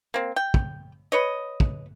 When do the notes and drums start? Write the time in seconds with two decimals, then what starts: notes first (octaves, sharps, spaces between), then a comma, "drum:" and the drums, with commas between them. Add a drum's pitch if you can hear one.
0.14 A#3 C4
0.36 G5
0.54 drum: kick
1.12 B4 C#5 D#5
1.60 drum: kick